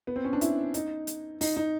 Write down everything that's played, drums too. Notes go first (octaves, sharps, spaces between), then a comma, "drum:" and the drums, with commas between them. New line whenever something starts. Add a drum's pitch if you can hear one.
B3
C4
C#4
D4
E4, drum: hi-hat
D#4, drum: hi-hat
drum: hi-hat
D#4, drum: open hi-hat
D#4